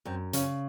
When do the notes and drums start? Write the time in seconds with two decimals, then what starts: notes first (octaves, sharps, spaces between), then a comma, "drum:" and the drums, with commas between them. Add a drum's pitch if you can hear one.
0.05 F#2 C4
0.33 C#3 C#4, drum: hi-hat